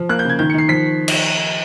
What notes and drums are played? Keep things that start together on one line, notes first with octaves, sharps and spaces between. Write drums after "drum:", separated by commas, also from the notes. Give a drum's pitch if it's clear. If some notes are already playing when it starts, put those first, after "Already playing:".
Already playing: F3
A#3 F#6
G6
C#3 G#6
D#3 G6
C#7
D#3 C7
F3 B6
drum: cymbal